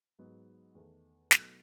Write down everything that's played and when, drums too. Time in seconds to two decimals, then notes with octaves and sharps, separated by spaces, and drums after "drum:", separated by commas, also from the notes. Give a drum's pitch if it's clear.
0.19 G#2 F#3 B3
0.75 E2 D#3 A3
1.31 B2 F#3 A3 D#4, drum: snare